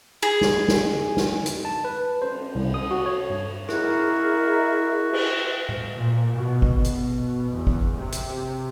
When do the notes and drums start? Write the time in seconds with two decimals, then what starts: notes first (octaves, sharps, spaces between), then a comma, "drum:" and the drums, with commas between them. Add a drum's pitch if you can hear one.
0.23 G#4
0.41 drum: snare
0.68 drum: snare
1.17 drum: snare
1.46 drum: hi-hat
1.65 A5
1.85 B4
2.22 C5, drum: cymbal
2.55 C2, drum: cymbal
2.74 D#6
2.91 F#4
3.06 C#5
3.30 G2
3.69 E4 F#4 G#4 A#4 D#5, drum: rim click
5.13 drum: cymbal
5.69 drum: tom A2
5.97 A#2
6.36 B2
6.62 drum: kick
6.84 B2, drum: hi-hat
7.53 E2
7.67 drum: kick
7.97 C3
8.12 drum: hi-hat